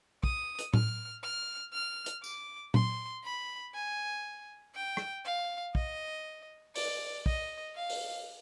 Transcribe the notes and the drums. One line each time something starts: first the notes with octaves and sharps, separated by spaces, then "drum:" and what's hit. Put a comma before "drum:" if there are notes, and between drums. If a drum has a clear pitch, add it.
D#6, drum: kick
drum: hi-hat
F6, drum: tom A2
F6
F6
drum: hi-hat
D6, drum: tambourine
C6, drum: tom A#2
B5
G#5
G5
drum: rim click
F5
D#5, drum: kick
D5, drum: open hi-hat
D#5, drum: kick
F5
drum: open hi-hat